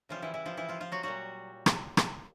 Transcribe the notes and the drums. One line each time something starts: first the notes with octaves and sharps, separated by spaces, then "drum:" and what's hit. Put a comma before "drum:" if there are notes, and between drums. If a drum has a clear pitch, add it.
C#3 E3 F3 G3 F4
E3 E4
E3 E4
F3 F4
E3 E4
F3 F4
F3 F4
F#3 F#4
A#2 F#3 G3 F#4
drum: rim click
drum: rim click